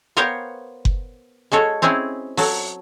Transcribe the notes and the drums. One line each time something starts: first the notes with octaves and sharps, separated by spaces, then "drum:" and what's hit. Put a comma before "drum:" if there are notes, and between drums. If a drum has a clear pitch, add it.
B3 A#4 C5 C#5 F5 G5
drum: kick F#1
G#3 F#4 A4 C#5
C4 C#4 E4 G#4
F#3 A4, drum: open hi-hat